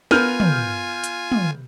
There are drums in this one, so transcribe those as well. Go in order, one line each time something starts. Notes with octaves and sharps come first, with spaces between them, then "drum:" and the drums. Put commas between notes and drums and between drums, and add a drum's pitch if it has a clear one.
B3 F4 A#4 G#5 F6 G6 D#7, drum: snare
drum: tom
drum: hi-hat
drum: tom